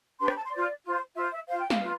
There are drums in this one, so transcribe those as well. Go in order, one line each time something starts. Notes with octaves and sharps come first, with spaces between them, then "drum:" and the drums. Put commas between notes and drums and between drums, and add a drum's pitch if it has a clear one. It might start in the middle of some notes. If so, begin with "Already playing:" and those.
D4 G4 B4 C6
B5, drum: rim click
A5
C6
F4 C5 D5
F4 C5
F4 C5 E5
E5
F4 C5 F5
G5
F5, drum: snare
F4 B4